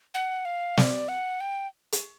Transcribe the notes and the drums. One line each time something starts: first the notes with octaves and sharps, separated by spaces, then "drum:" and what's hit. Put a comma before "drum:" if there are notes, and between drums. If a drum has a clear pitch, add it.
F#5
F5
D5, drum: snare
F#5
G5
drum: hi-hat